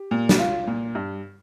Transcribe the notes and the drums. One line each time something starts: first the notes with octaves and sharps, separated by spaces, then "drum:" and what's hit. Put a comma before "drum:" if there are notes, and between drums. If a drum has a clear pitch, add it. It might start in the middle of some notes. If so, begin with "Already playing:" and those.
Already playing: G4
A#2
drum: snare
F4
A#2
G2